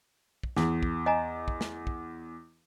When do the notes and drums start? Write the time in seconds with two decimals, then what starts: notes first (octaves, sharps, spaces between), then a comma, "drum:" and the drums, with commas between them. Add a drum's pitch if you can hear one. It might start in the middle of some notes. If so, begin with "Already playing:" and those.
0.43 drum: kick
0.57 E2, drum: snare
0.83 drum: kick
1.06 D#5 G#5 A#5
1.48 drum: kick
1.61 drum: snare
1.87 drum: kick